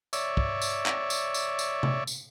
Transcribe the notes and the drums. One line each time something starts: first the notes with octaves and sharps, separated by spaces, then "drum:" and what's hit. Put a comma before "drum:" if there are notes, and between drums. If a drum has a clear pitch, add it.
C#5 D5 E5, drum: tambourine
drum: kick
drum: tambourine
drum: clap
drum: tambourine
drum: tambourine
drum: tambourine
drum: tom C3
drum: tambourine